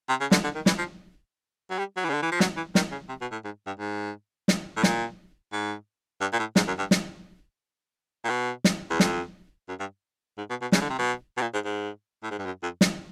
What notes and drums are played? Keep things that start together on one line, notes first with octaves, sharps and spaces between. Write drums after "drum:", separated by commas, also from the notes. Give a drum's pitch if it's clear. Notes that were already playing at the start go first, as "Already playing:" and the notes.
C3
C#3
D3, drum: snare
D3
D#3
E3, drum: snare
F3
F#3
G3
F#3
E3
C#3
D3
E3
F3
F#3, drum: snare
E3
D#3, drum: snare
C#3
C3
B2
A2
G#2
G2
G#2
drum: snare
A2
A#2, drum: snare
G#2
G2
A#2
A2
G#2, drum: snare
F#2
G2
drum: snare
A#2
B2
drum: snare
E2
F2, drum: snare
F#2
G2
G#2
B2
B2
C#3, drum: snare
D3
C3
B2
B2
A#2
G#2
G#2
A2
G#2
G2
F#2
F2
drum: snare